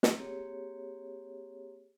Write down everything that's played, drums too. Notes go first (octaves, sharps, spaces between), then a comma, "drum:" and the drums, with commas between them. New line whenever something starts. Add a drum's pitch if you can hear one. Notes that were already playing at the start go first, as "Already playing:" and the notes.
drum: snare
A#3 C4 G4 G#4 C#5